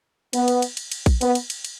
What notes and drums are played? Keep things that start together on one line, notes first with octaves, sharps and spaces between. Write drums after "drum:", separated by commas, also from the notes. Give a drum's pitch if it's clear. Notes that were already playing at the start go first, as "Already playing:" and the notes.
B3, drum: cymbal
drum: cymbal
drum: cymbal
drum: cymbal
drum: cymbal
drum: kick A#1, cymbal
B3, drum: cymbal
drum: cymbal
drum: cymbal
drum: cymbal